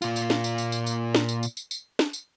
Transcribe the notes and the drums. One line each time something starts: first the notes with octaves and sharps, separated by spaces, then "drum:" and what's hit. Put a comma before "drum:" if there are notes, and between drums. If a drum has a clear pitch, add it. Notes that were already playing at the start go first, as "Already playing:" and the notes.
A#2 F4, drum: tambourine
drum: tambourine
drum: snare
drum: tambourine
drum: tambourine
drum: tambourine
drum: tambourine
drum: snare
drum: tambourine
drum: tambourine
drum: tambourine
drum: tambourine
drum: snare
drum: tambourine